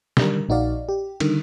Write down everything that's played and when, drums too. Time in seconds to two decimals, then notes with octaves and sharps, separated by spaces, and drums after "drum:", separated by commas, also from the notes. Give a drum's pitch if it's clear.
0.17 D3 D#3 G3 A#4, drum: snare
0.49 A#1 D#4 F#4 D5 F5
0.89 G4
1.20 D3 D#3 G3, drum: cymbal